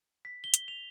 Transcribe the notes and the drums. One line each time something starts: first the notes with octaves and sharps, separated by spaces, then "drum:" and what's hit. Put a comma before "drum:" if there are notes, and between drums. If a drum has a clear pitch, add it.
B6
G7
drum: hi-hat
F7